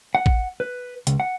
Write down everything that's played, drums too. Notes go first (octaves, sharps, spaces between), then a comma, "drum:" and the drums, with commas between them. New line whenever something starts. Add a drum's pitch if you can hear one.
F#5
drum: kick A1
B4
C#2, drum: hi-hat
F#5